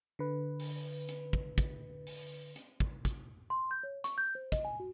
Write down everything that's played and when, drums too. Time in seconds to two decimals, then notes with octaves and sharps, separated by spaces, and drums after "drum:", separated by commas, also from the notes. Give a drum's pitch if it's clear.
0.19 D3 B4
0.60 drum: open hi-hat
1.09 drum: hi-hat
1.33 drum: kick
1.58 drum: kick, hi-hat
2.07 drum: open hi-hat
2.56 drum: hi-hat
2.80 drum: kick
3.05 drum: kick, hi-hat
3.50 C6
3.71 G6
3.83 C#5
4.04 C#6, drum: hi-hat
4.18 G6
4.35 C5
4.52 D#5, drum: kick, hi-hat
4.65 G#5
4.80 F#4